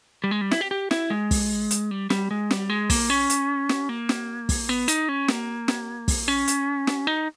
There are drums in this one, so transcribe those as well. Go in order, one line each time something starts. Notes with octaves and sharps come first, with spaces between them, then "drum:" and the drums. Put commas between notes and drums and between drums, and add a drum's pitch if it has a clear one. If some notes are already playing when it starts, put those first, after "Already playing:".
G3
G#3
G3
E4, drum: snare
G4
G4
E4, drum: snare
G#3
drum: kick, open hi-hat
drum: hi-hat
G3
G3, drum: snare
G#3
G3, drum: snare
G#3
A#3, drum: kick, open hi-hat
C#4
drum: hi-hat
drum: snare
A#3
drum: snare
drum: kick, open hi-hat
B3
D#4, drum: hi-hat
C#4
A#3, drum: snare
drum: snare
drum: kick, open hi-hat
C#4
drum: hi-hat
drum: snare
D#4